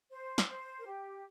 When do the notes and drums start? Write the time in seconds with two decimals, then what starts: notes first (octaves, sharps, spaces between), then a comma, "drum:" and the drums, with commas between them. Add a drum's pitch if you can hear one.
0.11 C5
0.38 drum: snare
0.48 C5
0.80 A#4
0.85 G4